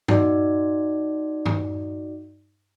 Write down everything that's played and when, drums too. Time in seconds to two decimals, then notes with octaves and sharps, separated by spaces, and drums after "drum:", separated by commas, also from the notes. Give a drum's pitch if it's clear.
0.08 D#4 F#4 D5, drum: tom G2
1.46 drum: tom G2